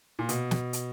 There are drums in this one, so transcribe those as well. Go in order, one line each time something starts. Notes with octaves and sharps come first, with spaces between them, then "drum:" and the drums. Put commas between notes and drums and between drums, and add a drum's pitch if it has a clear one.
A#2
B2, drum: hi-hat
drum: snare
drum: hi-hat